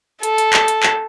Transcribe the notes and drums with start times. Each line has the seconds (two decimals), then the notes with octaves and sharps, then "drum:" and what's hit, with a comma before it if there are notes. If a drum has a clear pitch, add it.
0.23 A4, drum: hi-hat
0.38 drum: hi-hat
0.53 drum: clap
0.68 drum: hi-hat
0.83 drum: clap